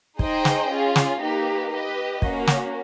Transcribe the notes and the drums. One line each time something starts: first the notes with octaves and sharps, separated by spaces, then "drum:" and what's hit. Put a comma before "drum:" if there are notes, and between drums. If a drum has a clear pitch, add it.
D#4 G#4 C5 D#5 G5, drum: kick
drum: snare
C#4 F4 G#4
drum: snare
A#3 D#4 G4 B4
G4 B4 D#5
A#3 C#4 F#4, drum: kick
drum: snare